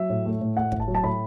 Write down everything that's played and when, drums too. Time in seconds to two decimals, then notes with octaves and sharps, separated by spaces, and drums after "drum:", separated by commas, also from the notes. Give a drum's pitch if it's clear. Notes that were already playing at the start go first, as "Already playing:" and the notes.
Already playing: F#3 E5
0.10 A2
0.26 A3
0.41 A2
0.57 A3 F#5
0.72 A2, drum: kick
0.80 A5
0.88 F#3
0.95 A5
1.03 A2 B5